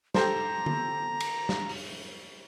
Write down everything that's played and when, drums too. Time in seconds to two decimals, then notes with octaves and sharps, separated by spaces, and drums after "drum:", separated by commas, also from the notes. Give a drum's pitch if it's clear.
0.15 G4 A4 C5 A#5, drum: snare
0.66 drum: tom D3
1.20 drum: cymbal
1.49 drum: snare
1.69 drum: open hi-hat